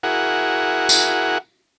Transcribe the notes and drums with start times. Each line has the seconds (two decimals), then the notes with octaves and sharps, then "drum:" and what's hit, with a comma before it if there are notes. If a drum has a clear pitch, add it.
0.03 E4 F#4 G#4 A#4 F#5
0.89 drum: tambourine